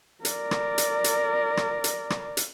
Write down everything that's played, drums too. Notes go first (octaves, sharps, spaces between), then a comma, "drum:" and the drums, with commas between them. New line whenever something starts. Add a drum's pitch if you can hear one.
A#4 D5, drum: hi-hat
drum: rim click
drum: hi-hat
drum: hi-hat
drum: rim click
drum: hi-hat
drum: rim click
drum: hi-hat